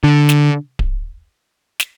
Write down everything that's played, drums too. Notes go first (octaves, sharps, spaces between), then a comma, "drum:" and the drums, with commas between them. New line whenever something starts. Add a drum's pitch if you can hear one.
D3
drum: snare
drum: kick D1
drum: snare